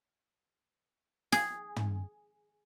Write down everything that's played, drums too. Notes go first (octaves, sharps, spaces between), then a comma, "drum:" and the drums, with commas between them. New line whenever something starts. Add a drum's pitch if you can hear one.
G#4, drum: snare
drum: tom